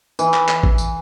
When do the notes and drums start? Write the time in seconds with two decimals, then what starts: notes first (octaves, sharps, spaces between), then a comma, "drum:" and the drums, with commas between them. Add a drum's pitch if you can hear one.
0.19 E3, drum: tambourine
0.34 drum: clap
0.49 drum: clap
0.63 drum: kick
0.78 drum: tambourine